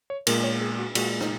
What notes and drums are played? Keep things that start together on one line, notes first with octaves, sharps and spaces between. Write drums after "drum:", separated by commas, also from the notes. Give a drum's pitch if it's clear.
C#5
A#2 G#3 A#4, drum: cymbal
C#5
G#4
F#4
A#2 G#3 F#4, drum: cymbal
D#4, drum: rim click